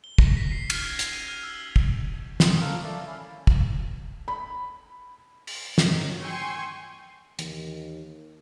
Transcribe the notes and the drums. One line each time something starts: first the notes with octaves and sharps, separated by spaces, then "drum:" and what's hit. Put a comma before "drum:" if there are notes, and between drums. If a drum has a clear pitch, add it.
G7
A#6, drum: kick
B6
C7
F6, drum: cymbal
G#6
F7, drum: hi-hat
D#7
F6
E6
drum: kick
B3 C4 F4 C#6, drum: snare
A#3 A4 A#4
A3 A#3 A4 D5
C#4 E4 F5
drum: kick
B5
drum: open hi-hat
G2 D#3 F#3, drum: snare
G5 G#5 C6 C#6 E6
D#2 E3, drum: hi-hat